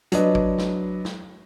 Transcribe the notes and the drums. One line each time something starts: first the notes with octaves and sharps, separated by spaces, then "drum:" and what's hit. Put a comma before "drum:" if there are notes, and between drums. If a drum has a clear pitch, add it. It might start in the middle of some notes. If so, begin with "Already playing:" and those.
F#3 D4 B4 D#5, drum: hi-hat
drum: kick
drum: snare
drum: snare